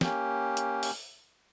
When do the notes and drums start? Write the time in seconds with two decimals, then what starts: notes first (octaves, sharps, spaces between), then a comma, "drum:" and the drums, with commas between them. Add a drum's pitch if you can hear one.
0.01 A#3 C#4 G4, drum: snare
0.57 drum: hi-hat
0.83 drum: open hi-hat